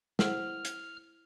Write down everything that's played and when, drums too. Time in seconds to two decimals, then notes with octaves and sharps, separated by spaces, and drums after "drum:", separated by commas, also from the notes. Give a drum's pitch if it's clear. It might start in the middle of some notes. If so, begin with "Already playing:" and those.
0.19 E4 C5 F#5 F6, drum: snare
0.65 drum: hi-hat